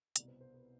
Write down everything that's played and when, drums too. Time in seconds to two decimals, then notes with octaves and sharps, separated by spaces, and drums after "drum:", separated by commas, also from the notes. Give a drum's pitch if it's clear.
0.16 C2 B2 D5, drum: hi-hat
0.28 C5
0.41 C5
0.54 B4